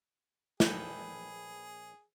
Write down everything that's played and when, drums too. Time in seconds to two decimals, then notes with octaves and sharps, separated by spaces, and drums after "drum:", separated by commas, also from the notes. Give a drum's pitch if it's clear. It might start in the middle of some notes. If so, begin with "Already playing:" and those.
0.60 A#1 G#4 A4 B4 F5 G5, drum: snare